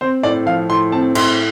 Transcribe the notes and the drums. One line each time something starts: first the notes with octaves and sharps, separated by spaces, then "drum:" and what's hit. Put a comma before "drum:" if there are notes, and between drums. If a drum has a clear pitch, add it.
C4 C5
A2 D5
F3 F5
A2 C6
C4 A5
A2 C6, drum: cymbal